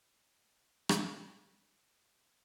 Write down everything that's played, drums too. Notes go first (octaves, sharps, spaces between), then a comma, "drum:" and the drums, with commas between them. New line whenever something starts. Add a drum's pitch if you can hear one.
E2 D#4 A5 B5 F6
drum: rim click